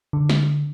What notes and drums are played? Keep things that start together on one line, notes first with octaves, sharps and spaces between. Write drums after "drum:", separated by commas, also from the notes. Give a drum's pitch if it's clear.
D3
drum: snare